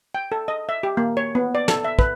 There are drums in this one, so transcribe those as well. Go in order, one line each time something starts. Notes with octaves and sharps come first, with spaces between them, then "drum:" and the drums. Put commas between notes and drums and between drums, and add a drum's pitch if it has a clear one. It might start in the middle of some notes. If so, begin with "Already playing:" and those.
G5
A4
D#5
E5
G4
A#3
C#5
B3
D5
A4, drum: snare
E5
B4, drum: kick